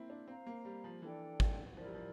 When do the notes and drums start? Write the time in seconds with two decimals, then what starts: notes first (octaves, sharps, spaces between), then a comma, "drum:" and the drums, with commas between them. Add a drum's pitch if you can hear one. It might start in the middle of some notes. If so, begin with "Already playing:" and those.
Already playing: A#3 C4 E4
0.10 D4
0.28 C4 C5 F5 A#5
0.46 A#3
0.65 G3
0.84 F3
1.02 E3 D4 A4 D5 G5
1.40 drum: kick
1.77 F3 E4 A#4 D5
1.85 G3
1.95 F3